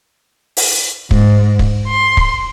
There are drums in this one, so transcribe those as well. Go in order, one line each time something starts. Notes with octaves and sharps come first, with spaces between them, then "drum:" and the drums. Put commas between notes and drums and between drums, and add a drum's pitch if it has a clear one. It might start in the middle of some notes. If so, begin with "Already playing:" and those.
drum: open hi-hat
G#2, drum: kick
drum: kick
C6
drum: kick